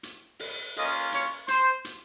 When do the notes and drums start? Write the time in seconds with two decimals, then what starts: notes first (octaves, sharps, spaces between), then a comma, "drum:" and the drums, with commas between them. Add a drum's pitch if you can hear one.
0.03 drum: hi-hat
0.39 drum: open hi-hat
0.76 A#3 C#4 F4 D#5, drum: open hi-hat
1.12 C#5, drum: hi-hat
1.48 C5, drum: hi-hat
1.85 drum: hi-hat